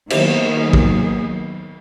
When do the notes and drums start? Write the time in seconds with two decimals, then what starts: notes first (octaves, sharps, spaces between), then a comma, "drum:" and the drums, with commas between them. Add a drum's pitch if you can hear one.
0.10 D#3 F#3 A#3 B3 G#4, drum: cymbal
0.73 drum: kick